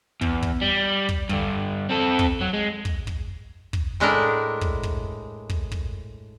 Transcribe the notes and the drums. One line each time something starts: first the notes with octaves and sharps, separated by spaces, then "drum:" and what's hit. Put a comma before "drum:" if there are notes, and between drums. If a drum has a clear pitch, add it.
E2, drum: kick
drum: kick
G3
drum: kick
G2 D3, drum: kick
C4 A4
drum: kick
F#3
G#3
drum: kick
drum: kick
drum: kick
A2 G#3 D4 E4 A#4
drum: kick
drum: kick
drum: kick
drum: kick